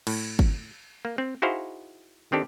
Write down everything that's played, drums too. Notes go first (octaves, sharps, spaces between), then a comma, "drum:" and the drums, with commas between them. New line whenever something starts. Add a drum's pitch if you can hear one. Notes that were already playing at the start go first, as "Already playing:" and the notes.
A2, drum: cymbal
drum: kick
A#3
C4
D#4 E4 F#4 G#4 C5 F5
D#3 C4 D4 G4 A4